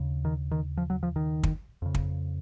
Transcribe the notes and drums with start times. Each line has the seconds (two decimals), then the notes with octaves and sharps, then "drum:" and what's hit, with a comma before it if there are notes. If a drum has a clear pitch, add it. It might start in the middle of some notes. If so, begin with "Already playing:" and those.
Already playing: D#2 C#3
0.25 D#3
0.51 D#3
0.77 F3
0.90 F#3
1.03 F3
1.16 D#3
1.43 drum: kick
1.82 F2 C#3
1.94 drum: kick